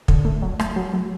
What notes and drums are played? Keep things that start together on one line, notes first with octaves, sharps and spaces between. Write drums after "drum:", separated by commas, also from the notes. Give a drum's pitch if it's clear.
D3, drum: kick
A3
F#3
A3, drum: rim click
F#3
F#3